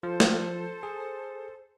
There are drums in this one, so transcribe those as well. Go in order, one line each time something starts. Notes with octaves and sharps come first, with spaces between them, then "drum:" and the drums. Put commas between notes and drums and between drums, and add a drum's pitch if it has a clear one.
F3 A4 C5
drum: snare
G#4